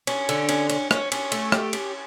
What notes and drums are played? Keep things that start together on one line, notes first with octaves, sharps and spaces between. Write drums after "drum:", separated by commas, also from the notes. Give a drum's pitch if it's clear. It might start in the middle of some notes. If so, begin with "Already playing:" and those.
C#4, drum: cymbal
D3, drum: cymbal
C#4, drum: cymbal
C#4, drum: cymbal
C#4, drum: rim click
C#4, drum: cymbal
A3, drum: cymbal
G4, drum: rim click
C#4, drum: cymbal